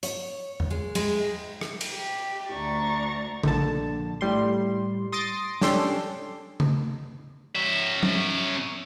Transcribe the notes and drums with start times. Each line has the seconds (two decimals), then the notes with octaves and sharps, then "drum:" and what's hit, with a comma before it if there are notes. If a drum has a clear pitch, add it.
0.03 C#5, drum: hi-hat
0.60 drum: tom E2
0.70 G#3
0.95 G#3, drum: cymbal
1.61 drum: rim click
1.81 drum: cymbal
1.91 G4
2.50 D2 D4 A#5 C#6 A6
3.43 A#1 D3 A5, drum: tom C#3
4.21 A2 G3 C6
5.12 C6 D#6 A6 A#6 C7 D7
5.61 C#4 D4 G4 A4 C6, drum: snare
6.60 drum: tom C#3
7.55 C#4 E5
8.03 drum: tom